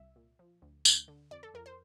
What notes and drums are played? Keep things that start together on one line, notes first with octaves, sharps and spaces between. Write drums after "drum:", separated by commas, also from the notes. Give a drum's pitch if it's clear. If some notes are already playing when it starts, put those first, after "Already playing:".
Already playing: C2 E5
A#2
F3
D2
D2, drum: tambourine
D3
F2 D5
A4
F2 A#4
C5